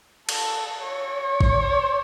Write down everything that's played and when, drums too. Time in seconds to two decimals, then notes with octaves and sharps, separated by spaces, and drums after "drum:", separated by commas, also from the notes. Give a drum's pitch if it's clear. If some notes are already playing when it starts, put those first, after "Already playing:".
0.29 A4, drum: cymbal
0.82 C#5
1.41 drum: kick A1